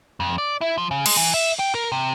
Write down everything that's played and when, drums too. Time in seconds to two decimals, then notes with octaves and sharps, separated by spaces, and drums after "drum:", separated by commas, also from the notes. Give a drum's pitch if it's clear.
0.20 F2
0.38 D5
0.61 E4
0.78 F3
0.91 C#3
1.06 G#3, drum: cymbal
1.17 E3
1.34 E5
1.59 G5
1.75 A#4
1.92 C3